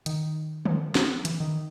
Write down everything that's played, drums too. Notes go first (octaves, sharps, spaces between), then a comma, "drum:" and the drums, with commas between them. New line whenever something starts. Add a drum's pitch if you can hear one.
D#3, drum: hi-hat
F3, drum: tom D3
F3, drum: snare
E3, drum: hi-hat
D#3